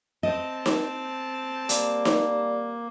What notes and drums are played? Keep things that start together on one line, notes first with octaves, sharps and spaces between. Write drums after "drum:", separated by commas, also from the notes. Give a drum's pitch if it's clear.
C4 D#5 A5
drum: snare D#4
G3 A#3, drum: hi-hat
drum: snare D#4